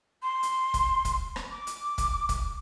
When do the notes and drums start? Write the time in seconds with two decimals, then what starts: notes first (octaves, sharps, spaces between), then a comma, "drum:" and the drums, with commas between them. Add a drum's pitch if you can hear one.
0.22 C6
0.43 drum: hi-hat
0.74 drum: kick, hi-hat
1.05 drum: kick, hi-hat
1.36 drum: rim click
1.51 D6
1.67 drum: hi-hat
1.98 drum: kick, hi-hat
2.29 drum: kick, hi-hat